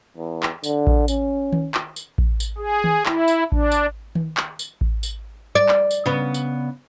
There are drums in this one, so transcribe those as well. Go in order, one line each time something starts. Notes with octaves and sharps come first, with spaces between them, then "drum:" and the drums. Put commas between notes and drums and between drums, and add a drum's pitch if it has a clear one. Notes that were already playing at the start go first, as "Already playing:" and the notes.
E2
drum: clap
D3, drum: tambourine
drum: kick A1
C#4, drum: tambourine
drum: tom D#3
drum: clap
drum: tambourine
drum: kick A1
drum: tambourine
G#4
drum: tom D#3
E4, drum: clap
drum: tambourine
D4, drum: kick A1
drum: tambourine
drum: tom D#3
drum: clap
drum: tambourine
drum: kick A1
drum: tambourine
D5
drum: clap
drum: tambourine
C#3 B3
drum: tambourine